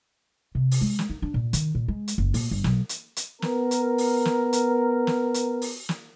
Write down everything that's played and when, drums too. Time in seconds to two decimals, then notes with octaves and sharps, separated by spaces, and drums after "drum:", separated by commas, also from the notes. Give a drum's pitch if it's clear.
0.55 C3
0.71 drum: open hi-hat
0.81 G#3
0.99 drum: snare
1.10 D#4
1.22 D4
1.34 A#2
1.53 D#3, drum: hi-hat
1.75 A#2
1.88 G#3
2.08 drum: hi-hat
2.18 F#1
2.34 A#2, drum: open hi-hat
2.51 G1
2.64 B1, drum: snare
2.89 drum: hi-hat
3.16 drum: hi-hat
3.42 B3 A#4, drum: snare
3.71 drum: hi-hat
3.98 drum: open hi-hat
4.25 drum: snare
4.53 drum: hi-hat
5.07 drum: snare
5.34 drum: hi-hat
5.62 drum: open hi-hat
5.89 drum: snare